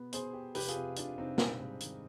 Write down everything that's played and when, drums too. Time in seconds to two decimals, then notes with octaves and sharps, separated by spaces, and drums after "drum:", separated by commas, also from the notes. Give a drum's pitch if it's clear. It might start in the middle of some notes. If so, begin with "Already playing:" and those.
Already playing: B2 B3
0.13 B2 G#4 C5, drum: hi-hat
0.33 G4
0.55 F1 G4 B4, drum: open hi-hat
0.68 F4 G#4, drum: hi-hat
0.76 C3
0.96 F1 D4 F4, drum: hi-hat
1.17 F1 C4 D#4
1.38 G3, drum: snare
1.60 G#2
1.80 D#3, drum: hi-hat